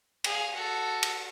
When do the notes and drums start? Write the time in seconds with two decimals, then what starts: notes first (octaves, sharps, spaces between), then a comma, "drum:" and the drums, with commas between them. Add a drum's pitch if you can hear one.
0.24 G#4 F5, drum: cymbal
0.55 F#4 A4
1.03 drum: cymbal